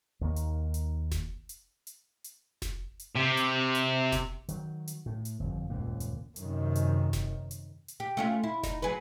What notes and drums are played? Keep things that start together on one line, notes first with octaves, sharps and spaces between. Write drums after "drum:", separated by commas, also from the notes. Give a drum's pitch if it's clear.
D#2 D#3 A#3
drum: hi-hat
drum: hi-hat
drum: snare F1
drum: hi-hat
drum: hi-hat
drum: hi-hat
drum: snare F1
drum: hi-hat
C3
drum: hi-hat
drum: hi-hat
drum: snare F1
D#3 F#3, drum: hi-hat
drum: hi-hat
A2
drum: hi-hat
G1 F2
D#1 C#2 F#2 A#3
drum: hi-hat
F#2 C3 D#3, drum: hi-hat
drum: hi-hat
drum: snare F1
drum: hi-hat
drum: hi-hat
G4
A3 C#4 F4
E4
D#4, drum: snare F1
F#3 G#4 B4